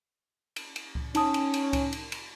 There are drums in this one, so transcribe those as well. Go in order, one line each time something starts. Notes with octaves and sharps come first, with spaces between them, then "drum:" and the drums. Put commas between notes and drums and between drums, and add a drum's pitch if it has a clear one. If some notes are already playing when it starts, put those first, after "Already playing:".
drum: cymbal
drum: cymbal
drum: kick C#2
C#4 D#4 A5 D#6, drum: cymbal
drum: cymbal
drum: cymbal
drum: kick C#2, cymbal
drum: cymbal
drum: cymbal